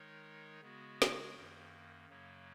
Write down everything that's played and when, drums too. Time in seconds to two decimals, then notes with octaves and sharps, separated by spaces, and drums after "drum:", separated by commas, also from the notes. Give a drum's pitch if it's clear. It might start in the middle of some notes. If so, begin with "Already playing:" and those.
Already playing: D#3 G#3 D#4 A#4 C#5
0.61 C#3 G#3 B3 F#4
1.02 drum: snare
1.34 F#2 D#3 A#3
2.09 F#2 C#3 F#3 A#3